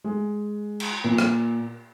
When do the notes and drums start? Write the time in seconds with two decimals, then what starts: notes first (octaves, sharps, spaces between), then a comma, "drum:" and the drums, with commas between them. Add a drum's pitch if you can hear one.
0.04 G#3
0.80 drum: cymbal
1.04 A#2
1.18 drum: rim click